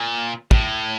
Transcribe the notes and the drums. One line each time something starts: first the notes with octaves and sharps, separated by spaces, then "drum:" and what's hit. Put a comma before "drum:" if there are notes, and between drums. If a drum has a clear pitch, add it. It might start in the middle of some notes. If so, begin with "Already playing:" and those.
Already playing: A#2
A2, drum: kick